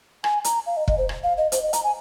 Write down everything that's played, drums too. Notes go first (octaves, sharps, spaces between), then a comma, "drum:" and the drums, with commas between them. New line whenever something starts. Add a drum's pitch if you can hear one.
G#5, drum: rim click
A#5, drum: hi-hat
F5
D#5
D#5, drum: kick
C5
drum: rim click
F5
D#5
C5, drum: hi-hat
D#5
A#5, drum: hi-hat
G#5